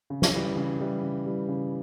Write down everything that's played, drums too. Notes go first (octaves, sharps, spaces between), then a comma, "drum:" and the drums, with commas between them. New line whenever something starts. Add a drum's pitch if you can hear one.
C#3
drum: snare
E3 G3
C#3
E3 G3
C#3
E3 G3
C#3